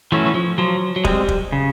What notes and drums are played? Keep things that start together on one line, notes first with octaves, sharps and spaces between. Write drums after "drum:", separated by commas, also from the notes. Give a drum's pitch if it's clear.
E3 F#3 A3 C#4 F#4
E3
F3
F3 F#3
F#3
G3 G#3 C4, drum: kick
drum: kick
C#3